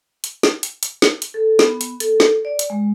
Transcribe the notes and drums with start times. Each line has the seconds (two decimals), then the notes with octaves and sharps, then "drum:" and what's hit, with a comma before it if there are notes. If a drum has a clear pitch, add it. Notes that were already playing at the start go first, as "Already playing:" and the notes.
0.24 drum: hi-hat
0.43 drum: snare
0.63 drum: hi-hat
0.83 drum: hi-hat
1.02 drum: snare
1.22 drum: hi-hat
1.34 A4
1.59 B3, drum: snare
1.81 drum: hi-hat
2.00 A4, drum: hi-hat
2.20 drum: snare
2.45 D5
2.59 drum: hi-hat
2.70 G#3